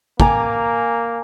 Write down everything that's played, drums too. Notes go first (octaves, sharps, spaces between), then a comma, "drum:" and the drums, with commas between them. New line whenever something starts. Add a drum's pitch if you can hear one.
A#3 G#5 A#5 D6, drum: kick